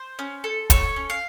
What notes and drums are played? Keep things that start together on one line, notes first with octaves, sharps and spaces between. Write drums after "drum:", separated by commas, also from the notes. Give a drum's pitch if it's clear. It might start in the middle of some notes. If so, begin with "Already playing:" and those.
Already playing: C5
C#4
A4
A4 C#5, drum: kick, hi-hat
C#4
F5